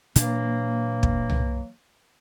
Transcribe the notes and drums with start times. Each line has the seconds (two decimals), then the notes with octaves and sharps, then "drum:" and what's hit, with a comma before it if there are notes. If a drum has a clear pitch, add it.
0.16 A#2 E3 F#3 A#3 D4, drum: hi-hat
1.03 drum: kick
1.30 drum: tom C2